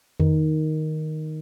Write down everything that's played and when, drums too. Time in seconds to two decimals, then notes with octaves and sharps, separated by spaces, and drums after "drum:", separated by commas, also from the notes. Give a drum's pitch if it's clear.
0.20 D#3, drum: tom F2